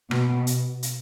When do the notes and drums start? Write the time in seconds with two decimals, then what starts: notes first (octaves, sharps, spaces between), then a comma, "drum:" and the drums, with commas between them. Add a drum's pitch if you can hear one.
0.11 B2, drum: rim click
0.47 drum: hi-hat
0.83 drum: hi-hat